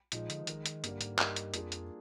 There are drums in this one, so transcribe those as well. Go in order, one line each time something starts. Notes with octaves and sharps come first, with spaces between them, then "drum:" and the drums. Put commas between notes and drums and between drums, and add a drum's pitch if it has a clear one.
A#2 F3 G#3 D#4, drum: hi-hat
D3, drum: hi-hat
F3
D#3 G#3 D#4 A#4, drum: hi-hat
drum: hi-hat
G2 D3 G3 A#3, drum: hi-hat
G#2, drum: hi-hat
G2 G3 A#3 D#4 A#4 D5, drum: clap
drum: hi-hat
F2 A#3 D4 F4 G#4 D5, drum: hi-hat
drum: hi-hat